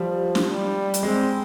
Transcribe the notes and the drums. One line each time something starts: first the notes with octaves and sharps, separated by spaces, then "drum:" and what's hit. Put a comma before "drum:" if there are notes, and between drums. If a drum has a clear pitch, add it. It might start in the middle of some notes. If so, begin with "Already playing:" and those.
Already playing: F3 G3
drum: snare
G3
drum: hi-hat
G#3 C4